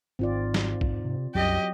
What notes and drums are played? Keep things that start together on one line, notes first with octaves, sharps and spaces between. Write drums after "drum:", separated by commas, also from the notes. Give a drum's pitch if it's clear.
G#1 G#2 C4 F4 D5
drum: snare
drum: kick
C3
C2 F#2 F#3 G4 D#5